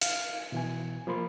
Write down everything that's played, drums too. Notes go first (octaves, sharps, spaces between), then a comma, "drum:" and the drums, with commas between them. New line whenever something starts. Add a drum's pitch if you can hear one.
F5, drum: hi-hat
B2 E3 G#5
F3 A#3 B5 C6